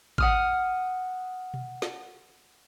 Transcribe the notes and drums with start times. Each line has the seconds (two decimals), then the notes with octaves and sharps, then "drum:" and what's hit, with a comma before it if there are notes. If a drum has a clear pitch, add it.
0.18 F#5 D#6 F6, drum: kick G#1
1.54 drum: tom B2
1.82 drum: snare